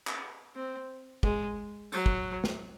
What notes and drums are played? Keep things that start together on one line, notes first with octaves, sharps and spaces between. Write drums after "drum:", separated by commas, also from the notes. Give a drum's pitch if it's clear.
drum: clap
C4
G#3, drum: kick
F#3, drum: tambourine
drum: kick
drum: snare